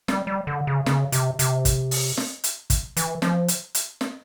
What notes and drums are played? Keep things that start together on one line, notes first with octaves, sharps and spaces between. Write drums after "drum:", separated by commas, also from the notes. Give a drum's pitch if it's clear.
G3, drum: snare
G3
D3
C#3
C#3, drum: snare
C3, drum: hi-hat
C3, drum: hi-hat
drum: kick, hi-hat
drum: open hi-hat
drum: snare
drum: hi-hat
drum: kick, hi-hat
E3, drum: hi-hat
F3, drum: snare
drum: hi-hat
drum: hi-hat
drum: snare